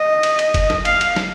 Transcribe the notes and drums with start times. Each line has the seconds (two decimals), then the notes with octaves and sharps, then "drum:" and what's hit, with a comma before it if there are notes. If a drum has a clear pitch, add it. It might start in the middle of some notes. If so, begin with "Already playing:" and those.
Already playing: D#5
0.23 drum: cymbal
0.39 drum: cymbal
0.54 drum: kick F1, cymbal
0.70 drum: snare
0.85 F5, drum: cymbal
1.01 drum: cymbal
1.16 drum: snare